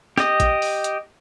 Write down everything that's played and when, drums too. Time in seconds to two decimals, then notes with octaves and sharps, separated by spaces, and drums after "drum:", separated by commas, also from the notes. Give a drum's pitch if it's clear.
0.18 G4 D#5, drum: snare
0.40 drum: kick A1, hi-hat
0.62 drum: open hi-hat
0.84 drum: hi-hat